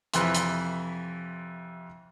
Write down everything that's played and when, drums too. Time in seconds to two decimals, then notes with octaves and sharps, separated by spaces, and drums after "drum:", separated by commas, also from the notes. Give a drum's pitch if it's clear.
0.14 F2 C3 E3 B5 C6, drum: hi-hat
0.35 drum: hi-hat